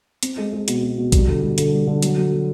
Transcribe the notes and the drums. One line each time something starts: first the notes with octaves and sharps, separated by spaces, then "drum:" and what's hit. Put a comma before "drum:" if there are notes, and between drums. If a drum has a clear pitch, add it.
C4, drum: hi-hat
G#3
G#3
B2, drum: hi-hat
B2
B2
G3, drum: kick A#1, hi-hat
D3
G3
D3, drum: hi-hat
G3
D3
F#3, drum: hi-hat
F#3
F#3